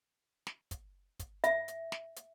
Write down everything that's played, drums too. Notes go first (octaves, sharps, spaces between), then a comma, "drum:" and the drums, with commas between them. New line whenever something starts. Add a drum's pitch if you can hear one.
drum: snare
drum: kick, hi-hat
drum: kick, hi-hat
E5, drum: hi-hat
drum: hi-hat
drum: snare
drum: hi-hat